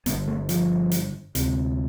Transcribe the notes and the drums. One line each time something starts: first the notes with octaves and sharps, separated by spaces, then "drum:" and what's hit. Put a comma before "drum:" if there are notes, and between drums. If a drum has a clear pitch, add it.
G1 G2 D3 B3, drum: hi-hat
A3
F3, drum: hi-hat
drum: hi-hat
D2 C3, drum: hi-hat